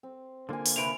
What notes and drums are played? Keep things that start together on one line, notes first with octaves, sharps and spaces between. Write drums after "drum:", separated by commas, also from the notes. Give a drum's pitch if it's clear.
C4
D3 A#3 F4 G#5
drum: open hi-hat
C3 B4 D7 F7